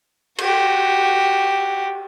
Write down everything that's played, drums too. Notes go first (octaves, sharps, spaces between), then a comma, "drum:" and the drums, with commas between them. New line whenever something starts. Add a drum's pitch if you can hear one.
F#4 G4, drum: cymbal